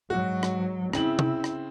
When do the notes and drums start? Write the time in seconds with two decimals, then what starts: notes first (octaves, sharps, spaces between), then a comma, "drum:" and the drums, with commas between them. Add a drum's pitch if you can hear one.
0.10 G#2 F#3 F#4
0.43 drum: rim click
0.93 C#3 C4 E4 F#7, drum: rim click
1.19 drum: tom C3
1.44 drum: rim click